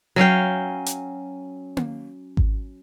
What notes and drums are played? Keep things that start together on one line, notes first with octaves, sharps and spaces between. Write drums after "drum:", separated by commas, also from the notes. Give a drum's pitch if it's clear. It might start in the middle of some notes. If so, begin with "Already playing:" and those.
F#3 C#4 F5 G5
drum: hi-hat
drum: tom A#3
drum: kick G#1